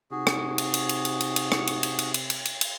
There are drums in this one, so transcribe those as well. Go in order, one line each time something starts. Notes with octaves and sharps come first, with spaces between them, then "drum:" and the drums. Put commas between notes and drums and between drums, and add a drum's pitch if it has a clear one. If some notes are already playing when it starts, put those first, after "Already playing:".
C3 D#4 F#4 G#4
drum: rim click
drum: cymbal
drum: cymbal
drum: cymbal
drum: cymbal
drum: cymbal
drum: cymbal
drum: rim click
drum: cymbal
drum: cymbal
drum: cymbal
drum: cymbal
drum: cymbal
drum: cymbal
drum: cymbal